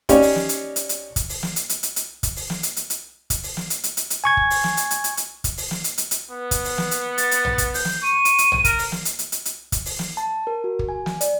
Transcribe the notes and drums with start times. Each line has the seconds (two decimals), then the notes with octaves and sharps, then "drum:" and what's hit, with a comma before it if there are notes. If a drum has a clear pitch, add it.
0.09 C#4 D#4 G4 C#5 D5, drum: kick, hi-hat
0.22 drum: open hi-hat
0.36 drum: snare
0.49 drum: hi-hat
0.76 drum: hi-hat
0.89 drum: hi-hat
1.16 drum: kick, hi-hat
1.29 drum: open hi-hat
1.43 drum: snare
1.56 drum: hi-hat
1.69 drum: hi-hat
1.83 drum: hi-hat
1.96 drum: hi-hat
2.23 drum: kick, hi-hat
2.36 drum: open hi-hat
2.50 drum: snare
2.63 drum: hi-hat
2.76 drum: hi-hat
2.90 drum: hi-hat
3.30 drum: kick, hi-hat
3.43 drum: open hi-hat
3.57 drum: snare
3.70 drum: hi-hat
3.84 drum: hi-hat
3.97 drum: hi-hat
4.10 drum: hi-hat
4.24 G#5 C#6 G#6
4.37 drum: kick
4.50 drum: open hi-hat
4.64 drum: snare
4.77 drum: hi-hat
4.91 drum: hi-hat
5.04 drum: hi-hat
5.17 drum: hi-hat
5.44 drum: kick, hi-hat
5.57 drum: open hi-hat
5.71 drum: snare
5.84 drum: hi-hat
5.98 drum: hi-hat
6.11 drum: hi-hat
6.31 B3
6.51 drum: kick, hi-hat
6.64 drum: open hi-hat
6.78 drum: snare
6.91 drum: hi-hat
7.18 A6, drum: hi-hat
7.31 drum: hi-hat
7.45 drum: tom A#1
7.58 drum: kick, hi-hat
7.74 G6, drum: open hi-hat
7.85 drum: snare
8.03 C#6 D#7
8.25 drum: hi-hat
8.38 drum: hi-hat
8.52 drum: tom A#1
8.65 A#4, drum: kick, hi-hat
8.79 drum: open hi-hat
8.92 drum: snare
9.05 drum: hi-hat
9.19 drum: hi-hat
9.32 drum: hi-hat
9.45 drum: hi-hat
9.72 drum: kick, hi-hat
9.86 drum: open hi-hat
9.99 drum: snare
10.17 A5
10.47 A#4
10.64 F#4
10.79 drum: kick
10.89 G#5
11.06 drum: snare
11.21 D5, drum: hi-hat